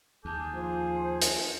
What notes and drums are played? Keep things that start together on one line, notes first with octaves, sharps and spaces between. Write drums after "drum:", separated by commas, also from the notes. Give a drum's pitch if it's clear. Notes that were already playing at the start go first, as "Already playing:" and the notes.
D#2 G#4 A5 D6 G6
F3 C5
drum: hi-hat